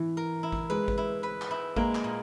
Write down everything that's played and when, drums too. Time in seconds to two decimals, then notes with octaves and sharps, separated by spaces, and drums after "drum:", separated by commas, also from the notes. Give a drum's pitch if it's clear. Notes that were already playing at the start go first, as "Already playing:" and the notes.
Already playing: E3
0.17 A#4
0.43 E4
0.52 drum: kick G#1
0.70 G#3 B4
0.88 drum: kick G#1
0.98 E4
1.23 B4
1.41 drum: clap
1.51 E4
1.76 G#3 A#3, drum: kick G#1
1.95 drum: clap
2.04 A#2